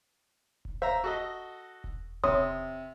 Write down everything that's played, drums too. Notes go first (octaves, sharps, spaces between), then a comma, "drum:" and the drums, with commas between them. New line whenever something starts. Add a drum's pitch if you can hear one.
drum: kick E1
C5 E5 F5 A#5
F#4 A4 D#5
drum: kick E1
C3 C#5 C6 D#6, drum: kick E1